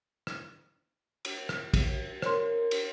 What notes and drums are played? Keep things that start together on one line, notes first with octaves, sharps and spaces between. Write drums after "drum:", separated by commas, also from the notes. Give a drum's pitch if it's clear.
drum: rim click
drum: cymbal
drum: rim click
drum: kick, cymbal
A#4 C5 C#5 C6, drum: rim click
drum: cymbal